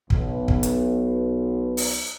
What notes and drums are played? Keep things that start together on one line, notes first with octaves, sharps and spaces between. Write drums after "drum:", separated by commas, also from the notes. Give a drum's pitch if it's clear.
B1 B2, drum: kick
drum: kick
drum: hi-hat
drum: open hi-hat